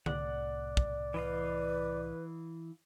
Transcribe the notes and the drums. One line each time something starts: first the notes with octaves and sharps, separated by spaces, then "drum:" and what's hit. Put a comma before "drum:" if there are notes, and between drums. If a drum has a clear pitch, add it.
C2 A2 D5 F#5, drum: tom D3
drum: kick
E3 B4 D#5 F5